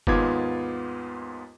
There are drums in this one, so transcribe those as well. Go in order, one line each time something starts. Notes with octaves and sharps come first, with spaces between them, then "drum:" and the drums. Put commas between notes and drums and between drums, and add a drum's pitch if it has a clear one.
D#2 G#2 B3 F4 D6 G#6, drum: kick F#1